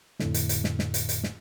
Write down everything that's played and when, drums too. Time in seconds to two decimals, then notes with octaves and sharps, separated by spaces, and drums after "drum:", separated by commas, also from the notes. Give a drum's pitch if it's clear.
0.20 F2 A2 D3, drum: snare
0.34 drum: hi-hat
0.49 drum: hi-hat
0.64 drum: snare
0.79 drum: snare
0.94 drum: hi-hat
1.09 drum: hi-hat
1.24 drum: snare